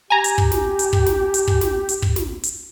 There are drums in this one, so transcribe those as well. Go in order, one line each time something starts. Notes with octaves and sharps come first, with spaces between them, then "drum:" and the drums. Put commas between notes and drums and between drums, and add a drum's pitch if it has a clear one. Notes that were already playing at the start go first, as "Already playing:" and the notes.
G4 G#5 A#5
drum: hi-hat
drum: kick
drum: snare
drum: hi-hat
drum: kick
drum: snare
drum: hi-hat
drum: kick
drum: snare
drum: hi-hat
drum: kick
drum: snare
drum: hi-hat